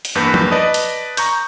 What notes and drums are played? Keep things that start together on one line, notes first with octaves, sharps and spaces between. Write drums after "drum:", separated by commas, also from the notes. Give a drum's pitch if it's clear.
drum: hi-hat
E2 G2 A#3 B4 G6
drum: tom
B4 D5 D#5 A5 D#6
drum: hi-hat
A#5 C#6 G6, drum: hi-hat